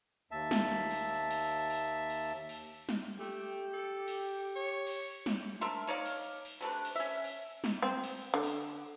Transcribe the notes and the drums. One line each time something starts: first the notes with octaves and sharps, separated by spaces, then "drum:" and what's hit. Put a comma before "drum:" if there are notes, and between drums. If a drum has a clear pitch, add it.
D#2 E5 A5
drum: snare
drum: cymbal
drum: cymbal
drum: cymbal
drum: cymbal
drum: cymbal
drum: snare
A3 G4
A4
drum: cymbal
C#5
drum: cymbal
drum: snare
D4 A#4 E5 C6
D#4 C#5 D5 F5
drum: cymbal
drum: cymbal
C3 A3 D4 B4
drum: cymbal
C#4 E5
drum: cymbal
drum: snare
C4
drum: cymbal
D3
drum: cymbal